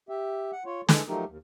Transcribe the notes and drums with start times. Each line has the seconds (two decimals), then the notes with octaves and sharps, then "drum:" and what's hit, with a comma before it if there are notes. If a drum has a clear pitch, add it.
0.09 G4 E5
0.52 F#5
0.66 F4 C#5
0.89 E3 G#3 A4, drum: snare
1.09 F3 F#3 A3 D#4 G4 A#4
1.28 D#2